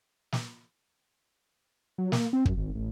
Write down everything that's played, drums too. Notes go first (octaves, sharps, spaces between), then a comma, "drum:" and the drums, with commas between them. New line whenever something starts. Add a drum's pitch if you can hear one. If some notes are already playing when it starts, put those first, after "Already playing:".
drum: snare
F#3
A#3, drum: snare
C4
F#2, drum: kick
G#1
A1